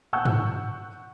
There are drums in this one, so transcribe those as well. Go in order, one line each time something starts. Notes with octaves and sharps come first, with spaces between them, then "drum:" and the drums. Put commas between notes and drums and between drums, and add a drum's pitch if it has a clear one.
F#5 C#6 E6 F#6 G6
drum: tom G2